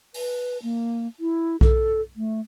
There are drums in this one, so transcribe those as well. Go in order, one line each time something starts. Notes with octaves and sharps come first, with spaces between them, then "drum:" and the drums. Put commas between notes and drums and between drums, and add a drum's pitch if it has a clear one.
B4, drum: open hi-hat
A#3
E4
A4, drum: kick B1
A3